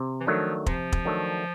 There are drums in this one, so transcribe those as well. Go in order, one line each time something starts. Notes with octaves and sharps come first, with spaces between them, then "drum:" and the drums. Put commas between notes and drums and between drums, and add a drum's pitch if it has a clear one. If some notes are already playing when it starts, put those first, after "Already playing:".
Already playing: C3
E3
D#3 F3 F#3 A3 D4
C3 F3, drum: kick
drum: kick
D#3 F#3 A3 D4